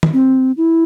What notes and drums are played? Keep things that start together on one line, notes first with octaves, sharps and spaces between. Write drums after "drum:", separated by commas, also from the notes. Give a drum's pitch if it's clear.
drum: tom D#3
C4
E4